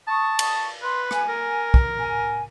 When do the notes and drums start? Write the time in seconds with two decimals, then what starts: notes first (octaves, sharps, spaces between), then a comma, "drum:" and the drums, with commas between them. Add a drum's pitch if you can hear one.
0.08 A5 C#6 D#6
0.39 drum: cymbal
0.83 B4 C6
1.11 G#5, drum: rim click
1.29 A#4
1.74 drum: kick
1.98 G#5